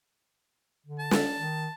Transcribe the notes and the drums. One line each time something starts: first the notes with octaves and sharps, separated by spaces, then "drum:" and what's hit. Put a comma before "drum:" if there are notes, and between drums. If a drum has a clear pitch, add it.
D3
A5
drum: snare
D#3